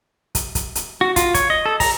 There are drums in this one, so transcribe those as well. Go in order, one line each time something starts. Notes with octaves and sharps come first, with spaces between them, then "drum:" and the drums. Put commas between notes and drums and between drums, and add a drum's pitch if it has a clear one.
drum: kick, hi-hat
drum: kick, hi-hat
drum: hi-hat
F#4
F4, drum: kick, hi-hat
C#5, drum: kick, hi-hat
D#5
A4
A#5, drum: kick, open hi-hat